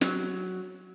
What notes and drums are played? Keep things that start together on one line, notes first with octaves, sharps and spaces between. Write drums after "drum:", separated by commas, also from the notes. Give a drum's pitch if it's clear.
F#3, drum: snare